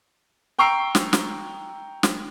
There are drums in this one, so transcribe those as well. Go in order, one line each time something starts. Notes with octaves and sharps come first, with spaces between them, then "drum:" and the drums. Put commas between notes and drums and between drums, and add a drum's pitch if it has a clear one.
G5 A#5 C#6 E6 C7 D7
drum: snare
drum: snare
drum: snare